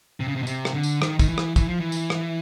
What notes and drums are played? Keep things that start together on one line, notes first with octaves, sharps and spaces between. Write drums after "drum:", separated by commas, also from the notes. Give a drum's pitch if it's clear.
C3
C#3
C3
B2
C3, drum: tambourine
drum: rim click
D3
drum: tambourine
D#3, drum: rim click
D#3, drum: kick, tambourine
E3
drum: rim click
E3, drum: kick, tambourine
F3
E3
drum: tambourine
drum: rim click